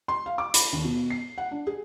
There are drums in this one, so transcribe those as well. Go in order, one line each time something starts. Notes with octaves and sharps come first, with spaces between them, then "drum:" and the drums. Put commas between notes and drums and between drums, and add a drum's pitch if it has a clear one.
C6
F5
D6
B5, drum: hi-hat
D#2
B2
C7
F#5
D4
G#4